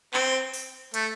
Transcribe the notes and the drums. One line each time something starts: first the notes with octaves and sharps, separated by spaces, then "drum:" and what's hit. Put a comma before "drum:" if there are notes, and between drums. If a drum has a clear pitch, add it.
C4, drum: clap
drum: open hi-hat
A3, drum: hi-hat